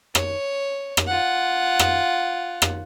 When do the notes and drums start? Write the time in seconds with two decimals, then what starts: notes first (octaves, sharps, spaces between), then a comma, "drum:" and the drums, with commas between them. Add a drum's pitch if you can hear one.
0.15 C#5, drum: rim click
0.97 drum: rim click
1.07 F4 F#5
1.79 drum: rim click
2.62 drum: rim click